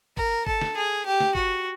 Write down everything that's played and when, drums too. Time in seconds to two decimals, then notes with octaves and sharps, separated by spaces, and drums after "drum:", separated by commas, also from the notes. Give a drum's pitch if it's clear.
0.17 A#4, drum: kick
0.47 A4, drum: kick
0.61 drum: snare
0.76 G#4
1.06 G4
1.20 drum: snare
1.35 F#4, drum: kick